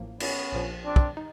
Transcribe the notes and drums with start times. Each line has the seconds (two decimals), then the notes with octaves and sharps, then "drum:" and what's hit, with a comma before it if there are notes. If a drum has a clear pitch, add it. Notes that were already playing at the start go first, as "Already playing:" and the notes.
Already playing: A1 A2 F3 A#3
0.20 B3 C#4, drum: cymbal
0.52 A#1 A#2 F3
0.85 C4 D4
0.96 drum: kick
1.17 D#4